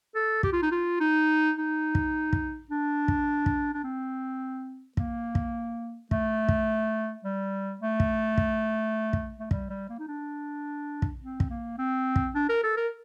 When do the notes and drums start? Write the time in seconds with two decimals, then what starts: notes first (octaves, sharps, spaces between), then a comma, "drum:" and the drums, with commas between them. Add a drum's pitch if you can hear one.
0.15 A4
0.43 G4, drum: kick
0.53 F4
0.62 D#4
0.71 F4
1.00 D#4
1.57 D#4
1.95 drum: kick
2.33 drum: kick
2.71 D4
3.08 drum: kick
3.46 drum: kick
3.74 D4
3.84 C4
4.97 A#3, drum: kick
5.35 drum: kick
6.11 A3, drum: kick
6.49 drum: kick
7.24 G3
7.81 A3
8.00 drum: kick
8.38 drum: kick
9.13 drum: kick
9.40 A3
9.51 G3, drum: kick
9.69 G3
9.89 A#3
9.99 D#4
10.08 D4
11.02 drum: kick
11.21 C4
11.40 drum: kick
11.49 A#3
11.78 C4
12.16 drum: kick
12.34 D4
12.49 A#4
12.63 A4
12.77 A#4